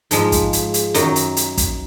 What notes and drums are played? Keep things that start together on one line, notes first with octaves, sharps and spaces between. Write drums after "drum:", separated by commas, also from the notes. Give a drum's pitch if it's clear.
G#2 F3 G#3, drum: hi-hat
drum: kick, hi-hat
drum: hi-hat
drum: hi-hat
F#2 D#3 F#3, drum: hi-hat
drum: hi-hat
drum: hi-hat
drum: kick, hi-hat